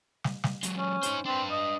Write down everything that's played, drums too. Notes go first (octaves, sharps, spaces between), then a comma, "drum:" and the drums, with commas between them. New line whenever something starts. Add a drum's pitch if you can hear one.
drum: snare
drum: snare
F#3 G#3, drum: hi-hat
C#4
D#4 C5, drum: hi-hat
C4 D4 B4
D#5